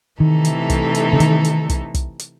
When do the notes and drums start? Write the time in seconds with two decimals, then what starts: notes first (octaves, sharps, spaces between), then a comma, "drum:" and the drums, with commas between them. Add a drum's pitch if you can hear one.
0.20 C3 D#3 E3 A3 D#4 A4
0.45 drum: hi-hat
0.70 drum: kick, hi-hat
0.95 drum: hi-hat
1.13 C#3
1.20 D#3, drum: hi-hat
1.45 drum: hi-hat
1.69 drum: kick, hi-hat
1.94 drum: kick, hi-hat
2.19 drum: hi-hat